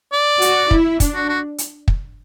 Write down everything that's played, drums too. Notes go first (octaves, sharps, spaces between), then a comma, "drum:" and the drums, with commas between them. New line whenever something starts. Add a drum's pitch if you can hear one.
D5
F#4, drum: hi-hat
E4, drum: kick
D4, drum: kick, hi-hat
F#4
F#4
drum: hi-hat
drum: kick